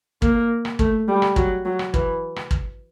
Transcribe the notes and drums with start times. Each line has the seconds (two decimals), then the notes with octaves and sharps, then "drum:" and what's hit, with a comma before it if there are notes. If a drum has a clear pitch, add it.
0.22 A#3, drum: kick
0.65 drum: rim click
0.79 A3, drum: kick
1.08 G3
1.22 drum: rim click
1.36 F#3, drum: kick
1.65 F#3
1.79 drum: rim click
1.94 E3, drum: kick
2.36 drum: rim click
2.51 drum: kick